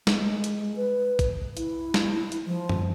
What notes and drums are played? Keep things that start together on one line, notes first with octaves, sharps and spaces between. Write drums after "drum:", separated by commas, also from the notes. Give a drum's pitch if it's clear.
G#3, drum: snare
drum: hi-hat
B4
drum: kick, hi-hat
E4, drum: hi-hat
drum: snare
drum: hi-hat
F3
drum: tom F#2